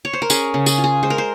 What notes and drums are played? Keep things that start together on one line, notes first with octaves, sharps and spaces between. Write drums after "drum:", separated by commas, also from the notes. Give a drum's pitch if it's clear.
C#5
C5
A#4
C#4 G#4, drum: tambourine
C#3
G#4, drum: tambourine
F4
G#4
G#3 C5
A#4
C5